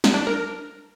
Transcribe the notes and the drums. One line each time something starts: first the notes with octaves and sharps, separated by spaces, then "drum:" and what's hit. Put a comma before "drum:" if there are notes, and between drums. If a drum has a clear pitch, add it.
drum: snare
D4
A#4